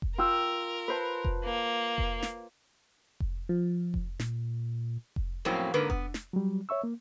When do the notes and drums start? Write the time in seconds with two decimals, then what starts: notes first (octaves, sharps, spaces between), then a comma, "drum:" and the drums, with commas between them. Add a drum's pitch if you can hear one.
0.02 drum: kick F1
0.18 F4 A#4 G5 E6
0.88 B4 C5 A5
1.25 drum: kick F1
1.44 A#3
1.98 drum: kick F1
2.22 drum: snare
3.20 drum: kick F1
3.49 F3
3.94 drum: kick F1
4.19 A#2, drum: snare
5.16 drum: kick F1
5.45 F2 A2 F#3 A#3 C4 C#4
5.74 G#2 D3 A#3 A#4 B4
5.90 B3, drum: kick F1
6.14 drum: snare
6.33 F#3 G3
6.69 C#5 E5 C#6 E6
6.84 A#3